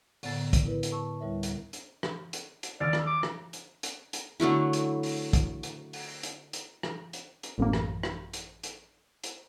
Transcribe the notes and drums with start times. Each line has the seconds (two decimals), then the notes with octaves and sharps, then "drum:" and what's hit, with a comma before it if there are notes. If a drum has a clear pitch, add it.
0.23 A2 D3 B3 A6, drum: open hi-hat
0.53 drum: kick, hi-hat
0.65 E4 A#4 B4
0.83 drum: hi-hat
0.92 A5 C#6 E6
1.20 D2 G3 E4 A#4 C#5 E5
1.43 drum: hi-hat
1.73 drum: hi-hat
2.03 drum: rim click
2.33 drum: hi-hat
2.63 drum: hi-hat
2.80 D#2 D5 F6
2.93 drum: rim click
3.07 D6
3.23 drum: rim click
3.53 drum: hi-hat
3.83 drum: hi-hat
4.13 drum: hi-hat
4.40 D3 F#3 A3 E4
4.73 drum: hi-hat
5.03 drum: open hi-hat
5.33 drum: kick, hi-hat
5.63 drum: hi-hat
5.93 drum: open hi-hat
6.23 drum: hi-hat
6.53 drum: hi-hat
6.83 drum: rim click
7.13 drum: hi-hat
7.43 drum: hi-hat
7.58 A1 F#2 A#3
7.73 drum: rim click
8.03 drum: rim click
8.33 drum: hi-hat
8.63 drum: hi-hat
9.24 drum: hi-hat